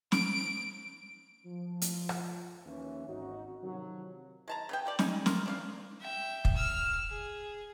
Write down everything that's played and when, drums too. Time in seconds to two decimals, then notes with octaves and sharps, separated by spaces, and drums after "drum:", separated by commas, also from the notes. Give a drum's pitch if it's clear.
0.12 D7, drum: snare
1.45 F3
1.82 drum: hi-hat
2.09 drum: rim click
2.66 D#2 E3 C#4
3.07 G#1 D#4 F#4
3.63 C3 D#3 F3 F#3
4.48 G#3 A5 A#5
4.69 C#3 B3 G5
4.86 C4 G4 D5
4.99 G3 D#4 G#5, drum: snare
5.26 F3 F4 A#4, drum: snare
5.46 D4 C#5 F5
6.00 E5 G5
6.45 drum: kick
6.56 E6 F6
7.10 G#4